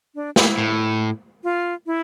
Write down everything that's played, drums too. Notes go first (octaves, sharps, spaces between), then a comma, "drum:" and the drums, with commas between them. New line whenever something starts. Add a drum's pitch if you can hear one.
D4
E4, drum: snare
A2
F4
E4